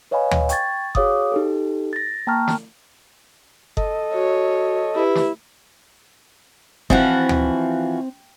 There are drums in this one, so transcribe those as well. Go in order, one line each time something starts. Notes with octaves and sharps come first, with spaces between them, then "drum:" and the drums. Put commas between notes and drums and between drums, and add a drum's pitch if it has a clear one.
B4 C#5 D#5 F5 G#5 B5
drum: tom D2
G5 C#6 G#6 A6, drum: hi-hat
F#4 G#4 C#5 F5 D6 D#6, drum: kick F#1
D#4 G4 A4
A6 A#6
A#3 G5 A5 A#5 C#6 F6
drum: snare
A4 D#5, drum: kick F#1
F#4 C#5
E4 G4 B4
drum: snare
E3 F3 C4 F#4, drum: kick F#1
drum: tom D2